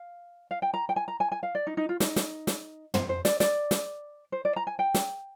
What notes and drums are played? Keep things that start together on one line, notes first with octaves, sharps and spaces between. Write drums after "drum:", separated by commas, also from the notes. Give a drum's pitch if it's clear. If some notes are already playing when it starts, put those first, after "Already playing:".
Already playing: F5
F5
G5
A#5
G5
G#5
A#5
G#5
G#5
F5
D5
D#4
D#4
F4
D#4, drum: snare
drum: snare
drum: snare
C5, drum: tom
C5
D5, drum: snare
D5, drum: snare
drum: snare
C5
D5
A#5
G#5
G5
drum: snare